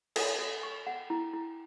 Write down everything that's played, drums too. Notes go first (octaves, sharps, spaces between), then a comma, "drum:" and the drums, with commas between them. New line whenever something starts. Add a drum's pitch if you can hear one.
A4, drum: cymbal
A4
C#6
F#5
E4
E4